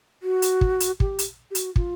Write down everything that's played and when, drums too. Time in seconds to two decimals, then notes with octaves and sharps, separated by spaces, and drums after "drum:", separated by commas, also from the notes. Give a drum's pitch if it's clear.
0.23 F#4
0.42 drum: hi-hat
0.61 drum: kick
0.80 drum: hi-hat
1.00 G4, drum: kick
1.19 drum: hi-hat
1.51 G4
1.55 F#4, drum: hi-hat
1.76 F4, drum: kick